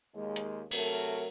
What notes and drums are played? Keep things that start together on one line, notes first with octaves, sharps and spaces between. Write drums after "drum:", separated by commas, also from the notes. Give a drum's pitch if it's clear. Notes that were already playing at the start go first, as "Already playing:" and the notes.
D#2 G#3
drum: hi-hat
C3 F#3 A3 A4 A#4, drum: cymbal